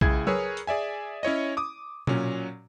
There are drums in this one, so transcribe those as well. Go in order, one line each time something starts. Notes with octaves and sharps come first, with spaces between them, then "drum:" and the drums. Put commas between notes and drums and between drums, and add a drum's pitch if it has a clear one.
C#2 E4 G#4 G#6, drum: kick B1
G#4 A#4 B4 C#5 E6, drum: tom F#3
drum: hi-hat
G#4 D5 E5 G#5
C#4 E4 C#5 D#5
D6 D#6
A#2 F#3 C#4, drum: tom B2